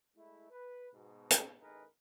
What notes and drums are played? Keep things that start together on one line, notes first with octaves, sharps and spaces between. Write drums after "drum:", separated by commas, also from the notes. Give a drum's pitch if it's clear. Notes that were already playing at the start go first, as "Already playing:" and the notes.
G#3 A3 E4
B4
G#2 B2
drum: hi-hat
A1 D#4 G#4 A#4 B4